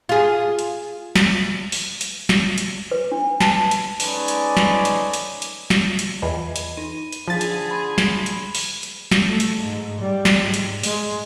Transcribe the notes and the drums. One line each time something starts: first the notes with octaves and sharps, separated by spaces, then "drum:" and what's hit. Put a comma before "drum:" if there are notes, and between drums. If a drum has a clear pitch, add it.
F4 G#4
drum: hi-hat
drum: snare
drum: open hi-hat
drum: hi-hat
drum: snare
drum: hi-hat
B4
D4
A5, drum: snare
drum: hi-hat
G#3 C#4 D#4 A4 B4 D5, drum: open hi-hat
drum: hi-hat
drum: snare
drum: hi-hat
drum: hi-hat
drum: hi-hat
drum: snare
drum: hi-hat
E2 F4 B4 D#5 B5
drum: hi-hat
D#4 A#6 D#7
drum: hi-hat
D3 F3 G#4 A5 A6 B6
drum: hi-hat
B5 C6 G#6
drum: snare
drum: hi-hat
drum: open hi-hat
drum: hi-hat
drum: snare
A3
drum: hi-hat
G#2
G3
drum: snare
G#2
drum: hi-hat
G#3, drum: open hi-hat